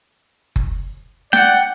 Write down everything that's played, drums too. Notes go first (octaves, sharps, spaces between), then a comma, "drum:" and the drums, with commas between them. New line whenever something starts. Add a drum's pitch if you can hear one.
drum: kick F#1
D5 F#5 G5, drum: snare